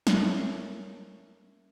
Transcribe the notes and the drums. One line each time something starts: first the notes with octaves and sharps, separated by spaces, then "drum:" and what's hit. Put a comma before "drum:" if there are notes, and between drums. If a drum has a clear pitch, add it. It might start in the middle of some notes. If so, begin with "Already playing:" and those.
A3 A#3 C#4, drum: snare